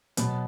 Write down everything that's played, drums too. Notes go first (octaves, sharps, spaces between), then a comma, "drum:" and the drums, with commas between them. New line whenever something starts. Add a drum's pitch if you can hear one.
B2 F#3 B3, drum: hi-hat